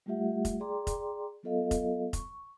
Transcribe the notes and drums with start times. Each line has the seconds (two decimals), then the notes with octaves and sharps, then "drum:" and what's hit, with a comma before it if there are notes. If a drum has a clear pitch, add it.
0.06 G3 A3 F4 G4 E5 F#5
0.45 drum: kick F1, hi-hat
0.60 G#4 D5 G5 A#5 C6 D6
0.87 drum: kick F1, hi-hat
1.43 F#3 B3 F4 A4 D#5 F5
1.71 drum: kick F1, hi-hat
2.13 C#6, drum: kick F1, hi-hat